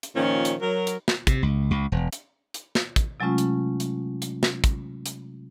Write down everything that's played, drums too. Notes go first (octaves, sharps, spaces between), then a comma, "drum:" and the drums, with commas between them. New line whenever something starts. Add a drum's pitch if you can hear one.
drum: hi-hat
A#2 D#3 F3 C#4
drum: hi-hat
F#3 A#4
drum: hi-hat
drum: snare
C3, drum: kick, hi-hat
C#2
C#2
E1
drum: hi-hat
drum: hi-hat
drum: snare
drum: kick, hi-hat
C3 F#3 G#3 A3 C#4 F4
drum: hi-hat
drum: hi-hat
drum: hi-hat
drum: snare
drum: kick, hi-hat
drum: hi-hat